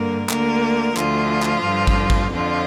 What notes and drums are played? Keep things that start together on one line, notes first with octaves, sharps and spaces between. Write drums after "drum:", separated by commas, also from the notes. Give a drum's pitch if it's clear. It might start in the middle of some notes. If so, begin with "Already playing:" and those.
Already playing: G2 D3 A#3 A#4
D2 D3 A#3 A#4, drum: clap
D2 D3 F3 F4, drum: clap
drum: clap
G2 D3
drum: kick
drum: kick
F2 D3 F3 F4